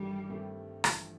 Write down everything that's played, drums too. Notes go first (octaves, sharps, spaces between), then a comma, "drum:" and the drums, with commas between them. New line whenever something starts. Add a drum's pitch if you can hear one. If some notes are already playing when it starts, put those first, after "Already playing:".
Already playing: A1 G2 D#3 G3 A3
G2 D#3 A3 C4 G4
A1 G2 F3 A3, drum: rim click